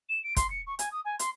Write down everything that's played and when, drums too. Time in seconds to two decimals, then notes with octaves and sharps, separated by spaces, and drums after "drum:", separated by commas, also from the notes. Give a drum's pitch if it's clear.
0.09 E7
0.24 D7
0.36 C6, drum: kick, hi-hat
0.50 C#7
0.67 C#6
0.79 G#5, drum: hi-hat
0.92 D#6
1.05 G#5
1.19 C6, drum: hi-hat